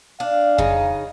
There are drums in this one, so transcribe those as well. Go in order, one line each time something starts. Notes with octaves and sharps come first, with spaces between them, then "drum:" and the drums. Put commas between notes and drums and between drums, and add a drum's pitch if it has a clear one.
D4 F5
C#3 D#4, drum: kick F2